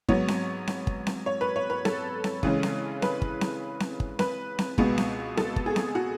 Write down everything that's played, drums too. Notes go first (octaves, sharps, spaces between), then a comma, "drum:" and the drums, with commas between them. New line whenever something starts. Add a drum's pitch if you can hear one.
G#2 F#3 B3 C#5, drum: kick
drum: snare C4
drum: snare C4
drum: kick
drum: snare C4
C#5
B4
C#5
B4
A4, drum: snare C4
drum: snare C4
C#3 E3 G#3 C#4, drum: kick
drum: snare C4
B4, drum: snare C4
drum: kick
drum: snare C4
drum: snare C4
drum: kick
B4, drum: snare C4
drum: snare C4
C#2 B2 G#3 B3, drum: kick
drum: snare C4
A4, drum: snare C4
drum: kick
G#4
drum: snare C4
F#4